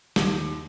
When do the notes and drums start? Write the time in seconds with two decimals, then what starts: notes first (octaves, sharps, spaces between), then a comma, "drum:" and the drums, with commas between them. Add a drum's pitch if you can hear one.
0.16 D#2, drum: snare